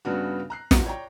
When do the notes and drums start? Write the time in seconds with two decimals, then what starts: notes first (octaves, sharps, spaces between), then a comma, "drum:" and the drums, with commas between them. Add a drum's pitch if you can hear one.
0.05 G2 C#3 B3 D4 F#4
0.50 A#5 F#6 C7
0.71 C#2 A2, drum: snare
0.86 C#5 D5 G5 A#5